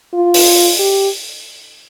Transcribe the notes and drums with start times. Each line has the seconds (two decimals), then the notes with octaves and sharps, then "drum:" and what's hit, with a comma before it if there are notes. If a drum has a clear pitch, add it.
0.14 F4
0.34 drum: open hi-hat
0.79 G4